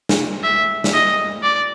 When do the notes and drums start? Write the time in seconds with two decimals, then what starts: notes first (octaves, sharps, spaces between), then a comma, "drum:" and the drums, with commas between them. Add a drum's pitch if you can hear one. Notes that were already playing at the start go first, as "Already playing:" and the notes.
0.09 drum: snare
0.44 E5
0.84 drum: snare
0.94 D#5
1.43 D5